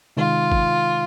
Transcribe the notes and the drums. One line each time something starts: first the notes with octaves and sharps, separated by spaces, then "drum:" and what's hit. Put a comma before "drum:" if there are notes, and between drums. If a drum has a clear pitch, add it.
C3 D#3 G#3 D#4 F4
drum: kick G1